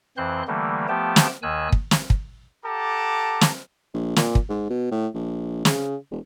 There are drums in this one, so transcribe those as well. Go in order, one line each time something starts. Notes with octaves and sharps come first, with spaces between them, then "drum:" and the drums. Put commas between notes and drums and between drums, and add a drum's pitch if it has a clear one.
F2 E3 C4 C5 C6 F#6
D3 E3 G3 A3 A#3
F3 A3 B3 G4 G5 A5
drum: snare
D#2 D#3 G#5 E6 F#6
drum: kick
drum: snare
drum: kick
G4 A4 F#5 A5 A#5 D6
drum: snare
A#1
A#2, drum: snare
drum: kick
G#2
B2
A2
A#1
C#3, drum: snare
E1